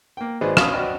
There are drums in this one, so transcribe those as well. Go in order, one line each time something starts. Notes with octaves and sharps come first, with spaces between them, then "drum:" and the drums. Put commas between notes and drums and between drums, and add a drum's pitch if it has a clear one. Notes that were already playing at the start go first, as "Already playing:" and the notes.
A#3 G5
G#1 G#4 B4 C5 D5 D#5
B2 C#4 F5 B5 C#6 D#6, drum: rim click
F#4 D5 D#5 G5 B5